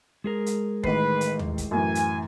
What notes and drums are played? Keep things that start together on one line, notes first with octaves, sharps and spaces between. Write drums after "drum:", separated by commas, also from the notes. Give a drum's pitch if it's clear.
G#3 G#4 A#4
drum: hi-hat
A1 D#3 B4 C7, drum: kick
drum: hi-hat
drum: tom
drum: kick, hi-hat
F#2 A2 E3 G#5
drum: hi-hat